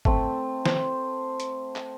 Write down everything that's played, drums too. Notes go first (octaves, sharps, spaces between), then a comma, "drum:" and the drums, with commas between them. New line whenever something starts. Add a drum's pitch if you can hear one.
A3 C4, drum: kick G1
C5, drum: snare
drum: hi-hat
drum: clap